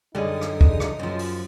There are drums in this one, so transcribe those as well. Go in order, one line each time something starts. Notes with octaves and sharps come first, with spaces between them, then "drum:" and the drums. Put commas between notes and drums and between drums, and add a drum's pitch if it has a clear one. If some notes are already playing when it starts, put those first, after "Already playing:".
F#2 D3 G3 D#4 G#4 D#5
drum: rim click
drum: kick
drum: rim click
F#2 F3
drum: open hi-hat